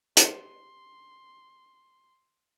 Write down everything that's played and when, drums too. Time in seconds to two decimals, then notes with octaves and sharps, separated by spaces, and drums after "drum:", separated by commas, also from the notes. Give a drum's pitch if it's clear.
0.17 G4 C6, drum: hi-hat